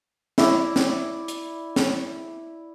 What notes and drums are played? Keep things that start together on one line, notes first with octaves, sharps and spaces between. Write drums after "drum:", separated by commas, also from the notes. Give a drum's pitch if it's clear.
E4 D5 E6, drum: snare
drum: snare
drum: hi-hat
drum: snare